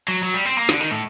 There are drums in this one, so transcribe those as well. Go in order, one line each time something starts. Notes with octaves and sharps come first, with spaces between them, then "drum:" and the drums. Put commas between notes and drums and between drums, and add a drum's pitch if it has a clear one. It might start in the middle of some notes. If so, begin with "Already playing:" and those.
F#3
F#3, drum: cymbal
G3
C4
A#3
D3, drum: snare
D#3
A2